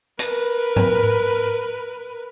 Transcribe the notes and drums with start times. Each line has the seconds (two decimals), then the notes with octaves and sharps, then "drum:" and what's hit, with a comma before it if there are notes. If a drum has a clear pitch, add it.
0.19 A#4 B4, drum: hi-hat
0.76 drum: tom G#2